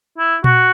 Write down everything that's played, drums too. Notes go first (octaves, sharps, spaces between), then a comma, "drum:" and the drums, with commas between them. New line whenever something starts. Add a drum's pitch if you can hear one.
E4
F#4, drum: tom A#2